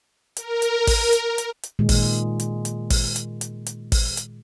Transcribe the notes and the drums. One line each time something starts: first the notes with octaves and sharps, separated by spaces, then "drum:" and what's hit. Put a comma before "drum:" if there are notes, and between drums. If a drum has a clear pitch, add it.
A#4, drum: hi-hat
drum: hi-hat
drum: kick, open hi-hat
drum: hi-hat
drum: hi-hat
drum: hi-hat
A#2 D#3 G#3
drum: kick, open hi-hat
drum: hi-hat
drum: hi-hat
drum: kick, open hi-hat
drum: hi-hat
drum: hi-hat
drum: hi-hat
drum: kick, open hi-hat
drum: hi-hat